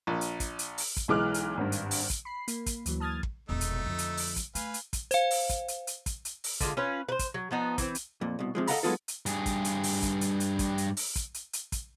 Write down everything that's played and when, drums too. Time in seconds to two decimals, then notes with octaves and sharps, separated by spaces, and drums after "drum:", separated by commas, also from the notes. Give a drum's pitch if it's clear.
0.07 A#1
0.21 drum: hi-hat
0.40 drum: kick, hi-hat
0.59 drum: hi-hat
0.78 drum: open hi-hat
0.97 drum: kick, hi-hat
1.08 B1 E3 G#3 D6 F6 F#6
1.34 drum: hi-hat
1.57 G#1 G2
1.72 drum: hi-hat
1.91 drum: open hi-hat
2.10 drum: kick, hi-hat
2.25 B5 C7
2.48 A#3, drum: hi-hat
2.66 drum: kick, hi-hat
2.86 D2 E3 F#3, drum: hi-hat
3.00 A5 D#6 F6 G#6 A6
3.23 drum: kick
3.49 E1 A#1 A3 D#4 E6
3.61 drum: hi-hat
3.85 F2 D3
3.98 drum: hi-hat
4.17 drum: open hi-hat
4.36 drum: kick, hi-hat
4.55 A3 B4 F5 G#5, drum: hi-hat
4.74 drum: hi-hat
4.93 drum: kick, hi-hat
5.11 C5 F5, drum: hi-hat
5.31 drum: open hi-hat
5.49 drum: kick, hi-hat
5.68 drum: hi-hat
5.87 drum: hi-hat
6.06 drum: kick, hi-hat
6.25 drum: hi-hat
6.44 drum: open hi-hat
6.61 D3 G#3 F4, drum: kick, hi-hat
6.77 C#4 F4 B4 C#5
7.09 B4 C5
7.19 drum: kick, hi-hat
7.34 F#3
7.51 F3 B3 D#4
7.78 E3 C4, drum: kick, hi-hat
7.95 drum: hi-hat
8.21 F2 A#2
8.39 C2 B2
8.55 C3 F3 G#3
8.67 A4 D#5 F5 F#5 A#5 B5, drum: open hi-hat
8.83 F#3 G#3 B3 D#4 F4 A4
9.08 drum: hi-hat
9.26 G2 G#4, drum: hi-hat
9.46 drum: kick, hi-hat
9.65 drum: hi-hat
9.83 drum: open hi-hat
10.02 drum: kick, hi-hat
10.21 drum: hi-hat
10.40 drum: hi-hat
10.59 drum: kick, hi-hat
10.78 drum: hi-hat
10.97 drum: open hi-hat
11.16 drum: kick, hi-hat
11.34 drum: hi-hat
11.53 drum: hi-hat
11.72 drum: kick, hi-hat